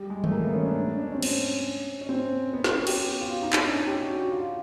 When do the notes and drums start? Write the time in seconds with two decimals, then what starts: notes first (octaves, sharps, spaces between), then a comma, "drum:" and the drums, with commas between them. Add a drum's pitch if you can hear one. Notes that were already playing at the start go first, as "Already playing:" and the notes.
Already playing: G3
0.10 G#3
0.24 A3, drum: tom D#3
0.32 A#3
0.44 B3
0.54 C#4
0.66 D4
0.77 D4
0.99 D4
1.07 C#4
1.15 C4
1.22 C#4, drum: cymbal
2.01 C#4
2.09 C4
2.53 B3
2.64 C#4, drum: snare
2.77 F#4
2.87 G4, drum: cymbal
2.98 F#4
3.21 F4
3.42 D#4
3.53 D4, drum: clap
3.65 C#4
3.76 D4
3.87 G4
4.01 F#4
4.16 F#4
4.31 F4